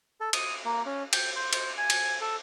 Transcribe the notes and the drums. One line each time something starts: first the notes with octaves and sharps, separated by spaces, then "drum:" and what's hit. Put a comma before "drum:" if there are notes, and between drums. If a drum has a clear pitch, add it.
A4
D#6, drum: cymbal
A#3
C#4
G5, drum: cymbal
C5
C5, drum: cymbal
G#5
drum: cymbal
A4